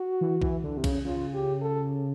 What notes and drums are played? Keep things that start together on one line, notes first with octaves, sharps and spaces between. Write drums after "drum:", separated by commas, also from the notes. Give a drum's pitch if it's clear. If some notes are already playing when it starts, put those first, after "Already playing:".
Already playing: F#4
E3
E3, drum: kick B1
D3
C3
C#3, drum: kick B1, cymbal
C#3 F4
G4
A4